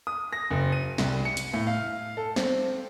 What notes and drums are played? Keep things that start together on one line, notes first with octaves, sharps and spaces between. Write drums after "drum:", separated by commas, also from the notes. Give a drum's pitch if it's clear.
D#6
A#6
F#1
D#7
C2, drum: snare
C#7
drum: hi-hat
A2
F5
A4
C4, drum: snare